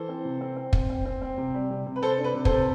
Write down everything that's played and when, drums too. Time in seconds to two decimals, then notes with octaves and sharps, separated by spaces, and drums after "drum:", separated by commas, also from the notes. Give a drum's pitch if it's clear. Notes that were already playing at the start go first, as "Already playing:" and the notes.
Already playing: E3 A4 C5
0.09 C4
0.25 C3
0.41 C4
0.57 C4
0.73 C4, drum: kick
0.90 C4
1.05 C4
1.22 C4
1.38 C3
1.54 G3
1.71 C3
1.86 C3
1.96 B4
2.02 C3 A4 C5
2.18 D4
2.24 B4
2.34 C3
2.45 A4 C5, drum: kick
2.51 C3